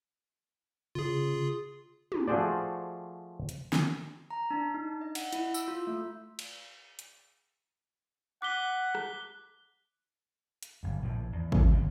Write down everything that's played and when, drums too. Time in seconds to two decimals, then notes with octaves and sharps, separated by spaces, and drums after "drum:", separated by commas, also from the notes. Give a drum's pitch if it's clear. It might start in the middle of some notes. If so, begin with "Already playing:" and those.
0.95 C#3 F4 G#4
2.12 drum: tom
2.28 F3 A3 F#4 G#4 C5 D5
3.49 drum: hi-hat
3.73 drum: snare
4.31 A#5
4.50 D4
4.74 D#4
5.01 D#5
5.15 F#5, drum: cymbal
5.33 E4, drum: hi-hat
5.54 E6, drum: tambourine
5.68 F4
5.87 A3
6.39 drum: cymbal
6.99 drum: hi-hat
8.42 F#5 D6 F#6 B6 G7
8.95 drum: rim click
10.63 drum: hi-hat
10.83 G1 F#2
11.02 A#1 A2 F3
11.32 E2
11.52 E2 C3 B3, drum: kick
11.72 G1 C#3